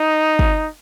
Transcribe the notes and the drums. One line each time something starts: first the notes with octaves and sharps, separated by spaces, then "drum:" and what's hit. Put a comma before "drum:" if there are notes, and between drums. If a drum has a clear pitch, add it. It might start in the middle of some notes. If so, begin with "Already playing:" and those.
Already playing: D#4
drum: kick